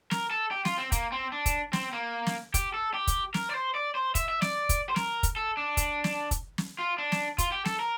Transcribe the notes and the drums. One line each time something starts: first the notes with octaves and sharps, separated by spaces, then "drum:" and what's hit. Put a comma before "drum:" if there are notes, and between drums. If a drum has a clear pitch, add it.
A#4, drum: snare
A4
G4
F4, drum: snare
C4
A#3, drum: kick, hi-hat
C4
D4
drum: kick, hi-hat
C4, drum: snare
A#3
drum: snare
G4, drum: kick, hi-hat
A4
G4
drum: kick, hi-hat
A#4, drum: snare
D5
C5
D5
C5
E5, drum: kick, hi-hat
E5
D5, drum: snare
drum: kick, hi-hat
C5
A#4, drum: snare
drum: kick, hi-hat
A4
D4
drum: kick, hi-hat
drum: snare
drum: kick, hi-hat
drum: snare
F4
D4
drum: snare
F4, drum: kick, hi-hat
G4
A4, drum: snare
A#4